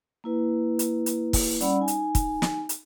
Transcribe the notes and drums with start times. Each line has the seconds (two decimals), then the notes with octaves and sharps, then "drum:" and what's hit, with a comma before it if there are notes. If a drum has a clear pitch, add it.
0.24 A#3 E4 B4
0.79 drum: hi-hat
1.06 drum: hi-hat
1.33 drum: kick, open hi-hat
1.60 G3 C#4 D5 F#5 B5 E6, drum: hi-hat
1.78 D#4 G#5
1.88 drum: hi-hat
2.15 drum: kick, hi-hat
2.42 drum: snare
2.69 drum: hi-hat